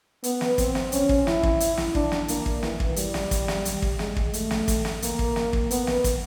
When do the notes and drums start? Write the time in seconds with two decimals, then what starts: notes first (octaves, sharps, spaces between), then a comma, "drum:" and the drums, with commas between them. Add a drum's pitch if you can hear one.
0.24 B3, drum: hi-hat
0.41 drum: snare
0.58 C4, drum: kick, hi-hat
0.75 drum: snare
0.92 C#4, drum: hi-hat
1.09 drum: kick
1.27 E4, drum: snare
1.43 drum: kick
1.60 drum: hi-hat
1.77 drum: snare
1.95 D4, drum: kick
2.12 drum: snare
2.28 A#3, drum: hi-hat
2.46 drum: kick
2.63 E3, drum: snare
2.80 drum: kick
2.96 G3, drum: hi-hat
3.14 drum: snare
3.31 drum: kick, hi-hat
3.48 drum: snare
3.65 drum: hi-hat
3.82 drum: kick
3.99 G#3, drum: snare
4.16 drum: kick
4.33 A3, drum: hi-hat
4.51 drum: snare
4.68 drum: kick, hi-hat
4.85 drum: snare
5.02 A#3, drum: hi-hat
5.19 drum: kick
5.36 drum: snare
5.53 drum: kick
5.71 B3, drum: hi-hat
5.87 drum: snare
6.04 drum: kick, hi-hat